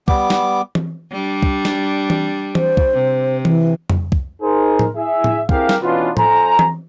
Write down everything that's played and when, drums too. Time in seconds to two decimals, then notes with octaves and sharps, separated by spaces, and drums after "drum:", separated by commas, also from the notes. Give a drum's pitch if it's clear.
0.08 G3 B3 D6, drum: kick
0.30 drum: snare
0.75 drum: tom E3
1.11 G3 D4
1.43 drum: kick
1.65 drum: snare
2.10 drum: tom E3
2.55 C5, drum: tom E3
2.77 drum: kick
2.94 C3
3.45 E3, drum: tom E3
3.90 drum: tom F2
4.12 drum: kick
4.42 D#4 G#4 A#4 C5
4.79 drum: tom A2
4.97 E4 G#4 E5
5.24 drum: tom A2
5.49 C4 E4 G4 G#4 A#4 F5, drum: kick
5.69 drum: snare
5.82 B2 E3 B3 C#4 D4 F4
6.17 F2 A4 C5 G#5 A#5, drum: tom A2
6.59 drum: tom E3